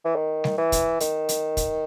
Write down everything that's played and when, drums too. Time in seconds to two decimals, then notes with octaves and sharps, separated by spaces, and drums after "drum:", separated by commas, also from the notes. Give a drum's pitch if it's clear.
0.05 E3
0.16 D#3
0.44 drum: snare G3
0.58 E3
0.72 drum: kick, hi-hat
1.00 D#3, drum: hi-hat
1.29 drum: hi-hat
1.57 drum: kick, hi-hat